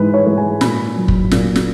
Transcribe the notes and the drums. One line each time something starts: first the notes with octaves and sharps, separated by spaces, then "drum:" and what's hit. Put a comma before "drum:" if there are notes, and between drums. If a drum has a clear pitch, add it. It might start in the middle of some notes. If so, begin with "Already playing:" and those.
Already playing: G#2 E3 G#3 B4
C#5
E3 G#3
G#5
A#2 B5, drum: snare
F#3
drum: kick
A#2, drum: snare
drum: snare